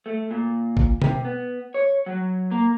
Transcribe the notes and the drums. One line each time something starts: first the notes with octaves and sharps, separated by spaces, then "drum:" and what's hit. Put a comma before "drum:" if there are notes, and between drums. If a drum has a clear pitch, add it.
A3
A#2
drum: kick G#1
C3, drum: tom
B3
C#5
F#3
A#3